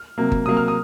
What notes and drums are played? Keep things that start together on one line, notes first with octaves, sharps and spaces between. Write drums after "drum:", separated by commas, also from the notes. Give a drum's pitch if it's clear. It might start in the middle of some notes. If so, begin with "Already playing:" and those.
Already playing: F6
C3 F#3 A#3
drum: kick G1
C3 F#3 A#3 D#6
F6
D#6